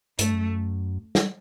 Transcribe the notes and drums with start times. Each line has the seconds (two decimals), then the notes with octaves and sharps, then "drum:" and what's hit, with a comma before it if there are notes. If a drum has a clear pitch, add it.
0.19 G2 A3, drum: hi-hat
0.34 F#2
1.15 drum: snare